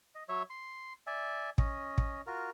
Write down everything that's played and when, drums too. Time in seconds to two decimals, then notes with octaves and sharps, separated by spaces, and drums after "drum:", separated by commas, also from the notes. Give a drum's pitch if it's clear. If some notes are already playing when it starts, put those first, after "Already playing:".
0.15 D#5
0.29 F#3 C#5 E5
0.50 C6
1.07 D5 E5 G#5
1.58 C#4 D#5, drum: kick
1.98 drum: kick
2.27 F4 F#4 A#4